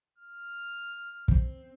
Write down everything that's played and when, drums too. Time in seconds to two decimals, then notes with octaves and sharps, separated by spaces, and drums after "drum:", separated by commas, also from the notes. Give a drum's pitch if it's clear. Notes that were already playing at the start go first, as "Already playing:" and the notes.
0.18 F6
1.28 C4, drum: kick